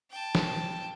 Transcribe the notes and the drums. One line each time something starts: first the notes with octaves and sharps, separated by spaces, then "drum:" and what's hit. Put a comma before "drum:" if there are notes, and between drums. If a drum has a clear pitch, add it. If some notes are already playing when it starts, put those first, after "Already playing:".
G5 A5
drum: snare